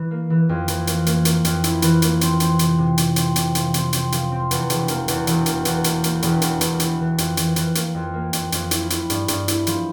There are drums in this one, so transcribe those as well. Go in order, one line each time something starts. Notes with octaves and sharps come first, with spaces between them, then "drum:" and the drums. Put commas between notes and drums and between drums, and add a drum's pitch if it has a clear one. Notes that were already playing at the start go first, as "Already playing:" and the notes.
Already playing: E3
A#3
E3
F2
E3, drum: hi-hat
A#3, drum: hi-hat
A#3, drum: hi-hat
A#3, drum: hi-hat
F2, drum: hi-hat
E4, drum: hi-hat
E3, drum: hi-hat
A#3, drum: hi-hat
C4, drum: hi-hat
C4, drum: hi-hat
C3, drum: hi-hat
C3
C3, drum: hi-hat
C4, drum: hi-hat
C3, drum: hi-hat
F3, drum: hi-hat
C4, drum: hi-hat
C4, drum: hi-hat
F3, drum: hi-hat
C4
E2, drum: hi-hat
E1, drum: hi-hat
A#3, drum: hi-hat
E2, drum: hi-hat
E1, drum: hi-hat
A#3, drum: hi-hat
E2, drum: hi-hat
A#3, drum: hi-hat
A#3, drum: hi-hat
E1, drum: hi-hat
E2, drum: hi-hat
E1, drum: hi-hat
E4, drum: hi-hat
E3
F2, drum: hi-hat
E3, drum: hi-hat
E3, drum: hi-hat
A#3, drum: hi-hat
F2
A#3
F2, drum: hi-hat
F2, drum: hi-hat
E4, drum: hi-hat
E4, drum: hi-hat
G2, drum: hi-hat
G2, drum: hi-hat
E4, drum: hi-hat
F3, drum: hi-hat